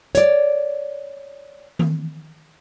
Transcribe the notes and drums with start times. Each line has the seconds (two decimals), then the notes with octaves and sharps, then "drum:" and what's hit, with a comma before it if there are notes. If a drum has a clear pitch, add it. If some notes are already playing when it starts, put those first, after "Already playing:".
0.15 C#5 D5, drum: hi-hat
1.79 drum: tom D#3